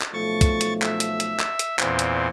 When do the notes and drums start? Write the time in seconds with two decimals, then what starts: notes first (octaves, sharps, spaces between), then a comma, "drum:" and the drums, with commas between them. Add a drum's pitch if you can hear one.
0.02 drum: clap
0.13 B1 F3 A3 C#6 A6
0.41 drum: kick, hi-hat
0.61 drum: hi-hat
0.82 E5, drum: clap
1.00 drum: hi-hat
1.20 drum: hi-hat
1.40 drum: clap
1.59 drum: hi-hat
1.79 E2 A#2 C4, drum: clap
1.99 drum: hi-hat